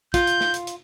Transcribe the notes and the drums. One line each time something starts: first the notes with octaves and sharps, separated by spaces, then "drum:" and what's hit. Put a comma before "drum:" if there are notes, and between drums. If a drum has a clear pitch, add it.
F4 G6, drum: kick, hi-hat
drum: hi-hat
drum: snare
drum: hi-hat
drum: hi-hat